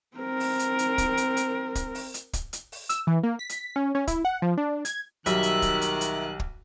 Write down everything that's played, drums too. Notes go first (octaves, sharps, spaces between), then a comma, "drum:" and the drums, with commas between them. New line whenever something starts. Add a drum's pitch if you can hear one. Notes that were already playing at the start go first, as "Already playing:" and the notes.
C4 A#4
drum: open hi-hat
drum: hi-hat
drum: hi-hat
drum: kick, hi-hat
drum: hi-hat
drum: hi-hat
drum: kick, hi-hat
drum: open hi-hat
drum: hi-hat
drum: kick, hi-hat
drum: hi-hat
drum: open hi-hat
E6, drum: hi-hat
E3
A#3
B6
drum: hi-hat
C#4
C#4
E4, drum: kick, hi-hat
F#5
F3
D4
G#6, drum: hi-hat
B1 D#3 G3 E5 F#6, drum: hi-hat
drum: hi-hat
drum: kick, hi-hat
drum: hi-hat
drum: hi-hat
drum: kick